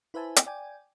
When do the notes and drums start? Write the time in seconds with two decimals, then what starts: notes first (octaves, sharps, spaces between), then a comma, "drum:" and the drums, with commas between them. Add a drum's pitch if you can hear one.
0.14 E4 B4 C5 E5 G#5 A5
0.36 drum: hi-hat
0.46 D5 G5 G#5